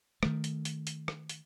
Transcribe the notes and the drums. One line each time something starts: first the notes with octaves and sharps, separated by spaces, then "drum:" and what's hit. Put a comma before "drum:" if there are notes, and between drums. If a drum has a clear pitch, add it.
D#3 A3, drum: rim click
drum: hi-hat
drum: hi-hat
drum: hi-hat
drum: rim click
drum: hi-hat